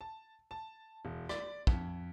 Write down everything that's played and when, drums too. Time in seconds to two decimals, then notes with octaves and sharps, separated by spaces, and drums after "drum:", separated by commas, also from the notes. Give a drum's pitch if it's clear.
0.01 A5
0.51 A5
1.05 E1
1.29 D5, drum: rim click
1.67 F2, drum: kick